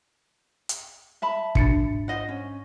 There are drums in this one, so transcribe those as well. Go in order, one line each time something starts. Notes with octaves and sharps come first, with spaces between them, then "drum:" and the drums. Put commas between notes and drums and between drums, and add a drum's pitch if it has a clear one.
drum: hi-hat
E5 A5 B5
G#2 D4 A6, drum: kick
C5 D#5 F#5
C#4